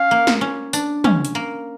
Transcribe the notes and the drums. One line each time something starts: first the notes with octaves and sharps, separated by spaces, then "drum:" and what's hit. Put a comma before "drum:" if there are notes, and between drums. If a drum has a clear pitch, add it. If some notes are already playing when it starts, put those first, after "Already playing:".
Already playing: C#4 F5
A#3
drum: snare
C#4
D4, drum: tambourine
C#4, drum: tom
drum: hi-hat
A#3